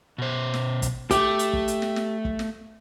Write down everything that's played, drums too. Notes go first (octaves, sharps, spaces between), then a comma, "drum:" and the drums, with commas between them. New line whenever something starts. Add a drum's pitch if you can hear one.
B2 C5
drum: snare
drum: kick, hi-hat
A3 G4, drum: kick, hi-hat
drum: hi-hat
drum: kick
drum: hi-hat
drum: snare
drum: snare
drum: kick
drum: snare